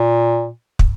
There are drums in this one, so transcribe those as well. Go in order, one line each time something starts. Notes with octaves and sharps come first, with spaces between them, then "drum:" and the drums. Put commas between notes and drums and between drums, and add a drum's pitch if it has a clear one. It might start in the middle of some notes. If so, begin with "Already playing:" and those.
Already playing: A#2
drum: kick